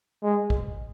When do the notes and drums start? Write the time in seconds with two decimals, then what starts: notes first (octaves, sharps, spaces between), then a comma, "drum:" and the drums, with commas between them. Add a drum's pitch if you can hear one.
0.23 G#3
0.50 drum: kick A1